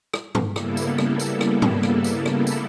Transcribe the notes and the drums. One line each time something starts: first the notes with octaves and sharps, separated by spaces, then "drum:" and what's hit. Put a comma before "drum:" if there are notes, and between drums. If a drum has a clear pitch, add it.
drum: rim click
drum: tom
C#3 G3 A#3 B3 E4 A4, drum: rim click
drum: tambourine
drum: rim click
drum: tambourine
drum: rim click
drum: tom
drum: rim click
drum: tambourine
drum: rim click
drum: tambourine